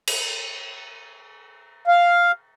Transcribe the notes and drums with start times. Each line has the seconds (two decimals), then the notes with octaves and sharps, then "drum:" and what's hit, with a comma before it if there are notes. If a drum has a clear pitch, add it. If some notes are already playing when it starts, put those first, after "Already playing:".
0.07 drum: cymbal
1.88 F5